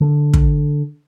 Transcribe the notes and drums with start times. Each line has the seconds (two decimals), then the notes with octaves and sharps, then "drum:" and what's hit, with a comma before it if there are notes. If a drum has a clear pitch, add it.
0.01 D3
0.34 drum: kick